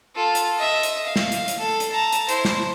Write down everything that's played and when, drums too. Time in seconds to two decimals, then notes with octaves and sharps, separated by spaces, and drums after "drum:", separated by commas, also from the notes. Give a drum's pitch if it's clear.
0.16 F4 A4
0.35 drum: hi-hat
0.59 D#5 E5
0.83 drum: hi-hat
1.05 F5
1.16 drum: snare
1.32 drum: hi-hat
1.48 drum: hi-hat
1.58 A4
1.80 drum: hi-hat
1.92 A5 A#5
2.12 drum: hi-hat
2.29 E4 C5, drum: hi-hat
2.45 drum: snare